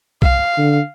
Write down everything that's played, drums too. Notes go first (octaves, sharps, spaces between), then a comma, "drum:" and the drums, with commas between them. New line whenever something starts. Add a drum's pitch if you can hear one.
F5, drum: kick B1
D3